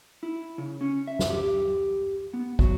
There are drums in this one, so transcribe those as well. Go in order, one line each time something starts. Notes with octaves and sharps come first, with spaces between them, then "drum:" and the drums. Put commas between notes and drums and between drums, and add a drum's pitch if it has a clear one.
E4
C#3
C#4
E5
drum: snare
G4
B3
F#3, drum: kick